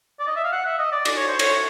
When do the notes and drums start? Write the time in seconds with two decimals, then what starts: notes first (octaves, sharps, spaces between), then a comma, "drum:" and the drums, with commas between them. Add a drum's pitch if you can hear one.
0.19 D5
0.28 D#5
0.36 E5
0.44 F5
0.52 F#5
0.66 E5
0.79 D#5
0.92 D5
1.05 D5, drum: cymbal
1.17 C#5
1.28 C5
1.39 C#5, drum: cymbal